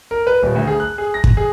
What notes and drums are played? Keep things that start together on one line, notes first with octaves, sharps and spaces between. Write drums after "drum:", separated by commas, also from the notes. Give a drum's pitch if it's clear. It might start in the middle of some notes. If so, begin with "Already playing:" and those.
A#4
B4
D#1
D2
G#4
F#6
G#4
A#6
drum: kick
G#4